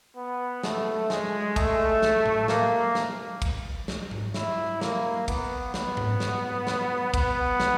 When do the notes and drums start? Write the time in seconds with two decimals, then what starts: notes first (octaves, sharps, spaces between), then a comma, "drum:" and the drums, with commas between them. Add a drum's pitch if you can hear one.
0.16 B3
0.63 A3, drum: snare
1.10 G#3, drum: snare
1.56 A3, drum: kick, cymbal
2.02 drum: snare
2.26 drum: tom A2
2.48 A#3, drum: snare
2.95 drum: snare
3.42 drum: kick, cymbal
3.88 drum: snare
4.11 drum: tom G#2
4.34 E4, drum: snare
4.81 A#3, drum: snare
5.28 B3, drum: kick, cymbal
5.74 B3, drum: snare
5.97 drum: tom G#2
6.20 drum: snare
6.67 drum: snare
7.14 B3, drum: kick, cymbal
7.60 drum: snare